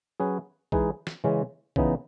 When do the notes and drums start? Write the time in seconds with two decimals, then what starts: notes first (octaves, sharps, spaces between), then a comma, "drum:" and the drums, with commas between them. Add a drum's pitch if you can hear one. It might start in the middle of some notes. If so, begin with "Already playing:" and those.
0.20 F#3 C#4 G#4 B4
0.72 E3 G#3 D#4 G#4 B4, drum: kick A#1
1.07 drum: snare
1.24 C#3 E3 G#3 C#4
1.76 C#3 E3 B3 D#4, drum: kick A#1